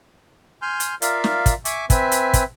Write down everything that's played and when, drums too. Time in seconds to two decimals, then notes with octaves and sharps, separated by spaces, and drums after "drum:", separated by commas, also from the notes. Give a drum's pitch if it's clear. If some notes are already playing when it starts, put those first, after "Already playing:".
0.62 G#5 C6 F6 G6
0.80 drum: hi-hat
1.02 F4 A#4 D5 E5 F5, drum: hi-hat
1.24 drum: snare
1.46 drum: kick, hi-hat
1.65 E5 G#5 C#6 D6, drum: hi-hat
1.90 C4 B4 E5 G#5, drum: kick, hi-hat
2.12 drum: hi-hat
2.33 drum: kick, hi-hat